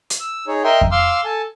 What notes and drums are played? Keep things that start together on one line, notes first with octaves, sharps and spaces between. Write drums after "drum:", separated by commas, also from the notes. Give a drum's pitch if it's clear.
drum: hi-hat
E6
D#4 G#4 C#5
A#4 D#5 E5 G5 C6
drum: kick F2
F5 C6 D6 E6 F6
A4 G#5 A5